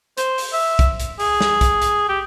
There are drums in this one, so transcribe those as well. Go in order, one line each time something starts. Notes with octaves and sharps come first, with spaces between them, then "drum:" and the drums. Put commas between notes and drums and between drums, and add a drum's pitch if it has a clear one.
C5, drum: hi-hat
drum: open hi-hat
E5
drum: kick B1, hi-hat
drum: hi-hat
G#4, drum: open hi-hat
drum: snare
drum: kick B1, hi-hat
drum: hi-hat
G4